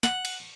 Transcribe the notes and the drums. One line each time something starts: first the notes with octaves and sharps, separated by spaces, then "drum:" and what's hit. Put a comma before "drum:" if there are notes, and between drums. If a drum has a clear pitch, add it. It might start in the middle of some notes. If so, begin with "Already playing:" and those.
F#5, drum: snare
drum: cymbal